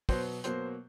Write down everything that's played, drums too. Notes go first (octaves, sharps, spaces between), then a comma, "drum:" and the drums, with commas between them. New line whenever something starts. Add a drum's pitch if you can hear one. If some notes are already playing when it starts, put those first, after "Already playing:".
B2 F#3 B3 C5, drum: kick, open hi-hat
B2 F#3 A#3 C5, drum: hi-hat